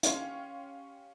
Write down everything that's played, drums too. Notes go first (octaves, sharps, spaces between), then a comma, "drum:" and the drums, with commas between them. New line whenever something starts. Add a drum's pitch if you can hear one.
C#4 G4 C#5 F5 C6, drum: hi-hat